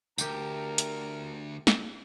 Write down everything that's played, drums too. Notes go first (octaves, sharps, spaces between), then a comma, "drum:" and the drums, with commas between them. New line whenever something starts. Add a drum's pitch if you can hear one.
D2 G4 A#4 G5, drum: tambourine
drum: hi-hat
drum: snare